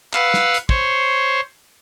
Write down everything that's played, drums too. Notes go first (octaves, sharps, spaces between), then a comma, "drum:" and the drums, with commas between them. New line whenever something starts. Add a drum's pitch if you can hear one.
B4 F5 F#5 E6, drum: clap
drum: snare
drum: hi-hat
C5 C#5, drum: kick